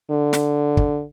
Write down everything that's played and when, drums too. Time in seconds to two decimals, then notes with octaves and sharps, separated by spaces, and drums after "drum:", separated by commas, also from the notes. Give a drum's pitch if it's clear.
0.11 D3
0.33 drum: snare
0.77 drum: kick